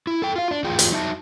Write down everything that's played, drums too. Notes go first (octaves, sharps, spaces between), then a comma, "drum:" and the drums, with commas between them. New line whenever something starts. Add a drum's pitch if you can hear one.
E4
A4 G5
F4 F5
D4
E2 A2 F4 G#4 G5
drum: hi-hat
F#3 D#4 E5 A5